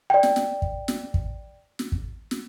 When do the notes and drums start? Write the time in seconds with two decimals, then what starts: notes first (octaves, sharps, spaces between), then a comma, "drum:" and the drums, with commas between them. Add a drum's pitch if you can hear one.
0.10 D5 G5
0.23 drum: snare
0.36 drum: snare
0.62 drum: kick
0.88 drum: snare
1.14 drum: kick
1.79 drum: snare
1.92 drum: kick
2.31 drum: snare